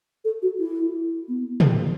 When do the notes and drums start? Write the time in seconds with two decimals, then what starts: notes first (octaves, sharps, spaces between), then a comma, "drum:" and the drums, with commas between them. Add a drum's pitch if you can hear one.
0.25 A4
0.42 F#4
0.59 E4
1.29 B3
1.60 drum: tom